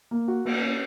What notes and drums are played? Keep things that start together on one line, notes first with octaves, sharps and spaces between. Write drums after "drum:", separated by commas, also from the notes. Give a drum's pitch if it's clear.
A#3
F#4
A#3, drum: cymbal
C#4